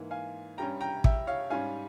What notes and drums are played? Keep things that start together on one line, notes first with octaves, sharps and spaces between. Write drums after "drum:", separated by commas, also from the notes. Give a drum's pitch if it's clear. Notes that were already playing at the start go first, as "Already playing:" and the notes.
Already playing: G#2 E3 A#3
F5 G#5
G2 G3 C#4 G5 A#5
G5 A#5
E5 G5, drum: kick
C#5 F5
G#2 G3 C#4 F5 G#5